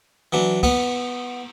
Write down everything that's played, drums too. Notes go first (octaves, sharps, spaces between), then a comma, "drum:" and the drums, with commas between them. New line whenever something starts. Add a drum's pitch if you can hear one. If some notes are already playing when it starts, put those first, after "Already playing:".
E3 F#3 D4
B3, drum: kick, cymbal